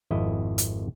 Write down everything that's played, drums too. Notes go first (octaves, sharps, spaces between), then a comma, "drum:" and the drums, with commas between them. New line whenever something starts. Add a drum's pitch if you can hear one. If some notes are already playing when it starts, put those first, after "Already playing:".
G#1 F2 E4 D#5
drum: hi-hat